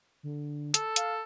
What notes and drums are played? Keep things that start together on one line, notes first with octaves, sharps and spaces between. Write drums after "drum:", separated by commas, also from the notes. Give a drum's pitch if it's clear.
D3
A4, drum: hi-hat
F5, drum: hi-hat